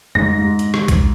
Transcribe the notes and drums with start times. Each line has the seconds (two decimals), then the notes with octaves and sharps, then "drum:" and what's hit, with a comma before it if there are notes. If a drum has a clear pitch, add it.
0.15 G#2 A#6, drum: tom F2
0.38 G#2
0.59 drum: hi-hat
0.74 drum: rim click
0.88 drum: kick A#1, hi-hat